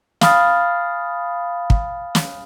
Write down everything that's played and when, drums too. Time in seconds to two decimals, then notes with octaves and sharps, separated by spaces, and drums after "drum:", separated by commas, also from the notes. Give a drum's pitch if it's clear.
0.21 F5 G#5 B5 D#6 F6 A6, drum: snare
1.70 drum: kick
2.15 drum: snare